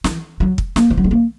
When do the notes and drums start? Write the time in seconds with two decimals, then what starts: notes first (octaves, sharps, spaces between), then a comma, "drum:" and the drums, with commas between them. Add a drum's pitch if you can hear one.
0.04 E3, drum: snare
0.40 F#3
0.58 drum: kick
0.76 A#3, drum: snare
0.90 E3
0.97 F#3
1.04 G#3
1.11 A#3